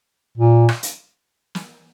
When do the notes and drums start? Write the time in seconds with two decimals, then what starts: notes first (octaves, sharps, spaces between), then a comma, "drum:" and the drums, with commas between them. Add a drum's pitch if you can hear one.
0.38 A#2
0.69 drum: rim click
0.83 drum: hi-hat
1.55 drum: snare